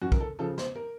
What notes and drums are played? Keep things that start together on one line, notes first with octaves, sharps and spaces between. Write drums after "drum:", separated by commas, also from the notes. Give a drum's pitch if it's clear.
F#2 F#4
A#4, drum: kick
A4
C#3 F3 A4
C5, drum: snare
A#4